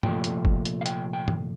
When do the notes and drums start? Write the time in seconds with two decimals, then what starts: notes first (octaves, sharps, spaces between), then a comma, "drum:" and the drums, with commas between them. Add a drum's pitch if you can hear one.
0.03 C2 A#2 F3 A3 G5, drum: tom
0.24 drum: hi-hat
0.45 drum: kick
0.65 drum: hi-hat
0.81 F5
0.86 G5, drum: hi-hat
1.13 G5
1.28 drum: tom